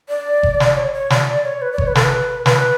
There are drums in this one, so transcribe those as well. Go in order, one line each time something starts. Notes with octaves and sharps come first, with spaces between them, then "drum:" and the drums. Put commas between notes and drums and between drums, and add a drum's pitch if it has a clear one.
D5
drum: kick G1
drum: snare
C#5
C#5
D5, drum: snare
C#5
B4
D5
C#5, drum: kick G1
B4
A4, drum: snare
B4
B4, drum: snare